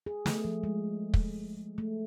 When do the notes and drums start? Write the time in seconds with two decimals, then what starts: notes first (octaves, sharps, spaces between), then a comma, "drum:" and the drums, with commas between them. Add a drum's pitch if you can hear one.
0.06 G#4
0.26 A3, drum: snare
0.45 F3
0.64 G#3
1.14 drum: kick
1.78 A3